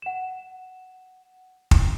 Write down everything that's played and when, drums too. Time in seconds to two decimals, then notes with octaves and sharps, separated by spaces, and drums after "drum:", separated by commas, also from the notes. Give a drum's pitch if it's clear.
0.02 F#5 E7
1.71 drum: kick